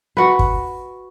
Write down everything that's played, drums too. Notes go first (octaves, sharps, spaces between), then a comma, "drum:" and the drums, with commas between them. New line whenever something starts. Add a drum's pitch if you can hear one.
F#4 B4
drum: kick